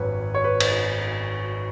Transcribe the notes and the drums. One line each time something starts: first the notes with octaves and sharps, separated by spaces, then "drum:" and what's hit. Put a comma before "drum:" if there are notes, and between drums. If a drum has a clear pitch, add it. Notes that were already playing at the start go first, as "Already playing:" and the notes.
Already playing: G#1 F#2 F#3 B4 C#5
C#5
B4
drum: cymbal